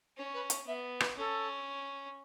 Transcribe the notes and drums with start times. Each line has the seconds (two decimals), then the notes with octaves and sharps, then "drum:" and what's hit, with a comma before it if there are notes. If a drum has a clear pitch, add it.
0.17 C#4 C#5
0.33 B4
0.50 C#5, drum: hi-hat
0.67 B3 E5
1.00 B4, drum: rim click
1.17 C#4 A4